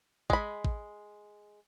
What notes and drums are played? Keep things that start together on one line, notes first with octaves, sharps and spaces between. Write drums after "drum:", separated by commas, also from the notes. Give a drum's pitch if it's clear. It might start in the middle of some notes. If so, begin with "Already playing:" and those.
G#3 B5, drum: kick A1
drum: kick A1